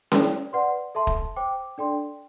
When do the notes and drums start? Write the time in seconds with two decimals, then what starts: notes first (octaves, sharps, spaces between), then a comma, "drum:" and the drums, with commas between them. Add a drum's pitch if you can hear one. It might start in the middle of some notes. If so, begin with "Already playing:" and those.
0.12 E4 G4 D5 G5, drum: snare C#4
0.53 B4 D5 F#5 C6
0.95 A4 E5 A5 C6
1.07 drum: kick
1.36 C5 G5 D6
1.78 D4 A4 D5 G5 C6